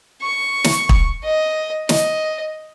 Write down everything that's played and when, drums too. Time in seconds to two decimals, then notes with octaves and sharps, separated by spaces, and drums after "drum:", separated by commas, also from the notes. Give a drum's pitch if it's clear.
0.21 C#6
0.64 drum: snare
0.89 drum: kick
1.24 D#5
1.89 D#5, drum: snare